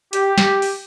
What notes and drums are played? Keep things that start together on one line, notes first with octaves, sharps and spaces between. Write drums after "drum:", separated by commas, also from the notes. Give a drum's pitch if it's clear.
G4, drum: hi-hat
drum: snare
drum: open hi-hat